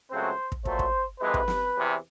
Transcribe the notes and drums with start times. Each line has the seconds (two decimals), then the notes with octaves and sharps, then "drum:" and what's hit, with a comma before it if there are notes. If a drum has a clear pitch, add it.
0.10 C#2 C#3 F#3 A3 C4 C5
0.52 drum: kick
0.65 A#2 F#3 A3 C5, drum: kick
0.79 drum: kick
1.20 F2 C3 E3 G#3 B4
1.34 drum: kick
1.48 drum: snare
1.75 E2 C3 E3